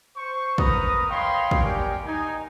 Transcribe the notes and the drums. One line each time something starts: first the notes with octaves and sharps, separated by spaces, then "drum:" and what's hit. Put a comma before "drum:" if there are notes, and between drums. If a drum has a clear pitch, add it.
C5 C#6
A#4 B4 A#5 D#6, drum: kick
C#5 D#5 F5 G5 B5 C6
drum: kick
A#3 G4 A#4 D5 G5 G#5
D#4 G#5